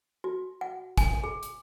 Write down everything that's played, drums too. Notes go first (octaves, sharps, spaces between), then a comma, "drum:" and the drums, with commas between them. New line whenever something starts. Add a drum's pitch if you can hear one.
F#4
F#5
G#5, drum: kick, hi-hat
G#4
drum: hi-hat